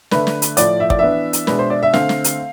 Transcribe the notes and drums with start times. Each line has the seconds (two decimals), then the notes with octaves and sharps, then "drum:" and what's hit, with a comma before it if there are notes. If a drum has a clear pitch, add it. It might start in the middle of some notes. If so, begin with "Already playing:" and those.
0.11 D3 A3 D4 B4, drum: snare
0.27 drum: snare
0.42 drum: hi-hat
0.57 A2 F3 A3 D5, drum: hi-hat
0.80 E5
0.90 D5, drum: kick
0.99 E3 B3 D4 E5
1.33 drum: hi-hat
1.47 B2 G#3 D4 B4, drum: snare
1.59 C5
1.70 D5
1.83 E5
1.93 D3 A3 C4 F5, drum: snare
2.09 drum: snare
2.24 drum: hi-hat